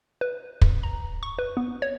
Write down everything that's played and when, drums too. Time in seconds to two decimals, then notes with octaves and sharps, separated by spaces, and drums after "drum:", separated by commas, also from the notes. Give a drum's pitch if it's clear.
0.21 B4
0.62 F2, drum: kick
0.83 A#5
1.23 C#6
1.39 B4
1.57 B3
1.82 C#5